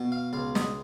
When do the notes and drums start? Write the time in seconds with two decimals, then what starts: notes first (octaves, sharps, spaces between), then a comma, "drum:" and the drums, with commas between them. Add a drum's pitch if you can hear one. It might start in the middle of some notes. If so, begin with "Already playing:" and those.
Already playing: B2
0.12 F5
0.33 C#2 F5
0.55 D#5, drum: snare